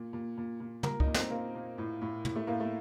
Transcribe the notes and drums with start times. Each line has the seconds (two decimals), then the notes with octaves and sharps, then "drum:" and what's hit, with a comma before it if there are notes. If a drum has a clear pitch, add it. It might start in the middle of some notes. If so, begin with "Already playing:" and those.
Already playing: A#2
0.13 A#2
0.38 A#2
0.60 A#2
0.83 A#2 A#4, drum: tom
1.00 D#4, drum: kick
1.07 A#2
1.14 C4, drum: snare
1.30 A#2 A#3
1.55 A#2
1.78 A2
2.01 A2
2.25 A2, drum: tom
2.36 A3
2.47 A2 A#3
2.60 A3